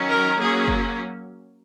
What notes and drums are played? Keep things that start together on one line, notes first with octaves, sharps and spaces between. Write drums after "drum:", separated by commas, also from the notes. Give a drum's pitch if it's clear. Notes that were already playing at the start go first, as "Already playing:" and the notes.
Already playing: D#3 F#3 C#4
A#4
F#3 A#3 C#4 G#4
drum: kick